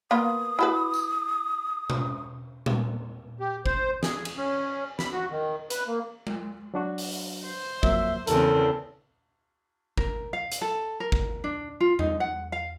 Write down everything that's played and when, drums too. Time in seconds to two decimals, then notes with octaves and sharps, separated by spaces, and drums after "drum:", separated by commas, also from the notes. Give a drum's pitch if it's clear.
0.11 A#3 B3 F4 D#6
0.59 E4 F#4 B4
0.94 drum: tambourine
1.90 drum: tom B2
2.66 drum: tom A#2
3.40 G4
3.66 C5, drum: kick G#1
4.03 G#4, drum: snare
4.25 drum: cymbal
4.37 C#4
4.99 B5, drum: snare
5.12 F#4
5.31 D#3
5.70 B4, drum: hi-hat
5.87 A#3
6.27 drum: tom G#3
6.74 F#3 D4 F#4
6.98 drum: open hi-hat
7.44 C5
7.83 F2 F#3 A#3 E5, drum: kick G#1
8.27 E2 C#3 C4 A4 A#4, drum: hi-hat
9.97 A#4, drum: kick G#1
10.33 F5
10.52 drum: hi-hat
10.62 A4
11.00 A#4
11.12 drum: kick G#1
11.44 D4
11.80 F4
11.99 D#4, drum: tom E2
12.20 F#5
12.52 F5